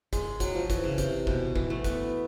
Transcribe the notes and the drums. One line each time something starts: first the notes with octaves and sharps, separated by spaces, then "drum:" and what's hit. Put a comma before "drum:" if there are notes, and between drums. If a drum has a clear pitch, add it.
G#3, drum: kick, hi-hat
F#3, drum: kick, hi-hat
F3
E3, drum: kick, hi-hat
C#3
C3, drum: kick, hi-hat
B2, drum: kick
E3, drum: kick
A3
B3, drum: kick, hi-hat